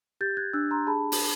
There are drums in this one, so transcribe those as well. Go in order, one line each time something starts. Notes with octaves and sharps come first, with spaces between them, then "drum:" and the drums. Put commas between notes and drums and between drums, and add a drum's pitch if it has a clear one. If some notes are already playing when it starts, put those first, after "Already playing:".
G4 G6 A6
F#6 G#6
D4 E6 F#6
A#5 C6
G#4 A5 B5
drum: open hi-hat